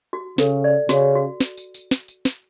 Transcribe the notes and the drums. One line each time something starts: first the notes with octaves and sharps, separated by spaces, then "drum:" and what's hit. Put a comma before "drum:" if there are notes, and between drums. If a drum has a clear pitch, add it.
F#4
C#3 A4, drum: snare
D5
C#3 F#4, drum: snare
F#4
drum: snare
drum: tambourine
drum: tambourine
drum: snare
drum: tambourine
drum: snare